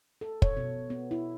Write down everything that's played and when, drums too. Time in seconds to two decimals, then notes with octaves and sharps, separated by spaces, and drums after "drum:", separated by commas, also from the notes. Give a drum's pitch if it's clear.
0.21 A4
0.42 C#5, drum: kick
0.57 B2
0.90 B3
1.11 E4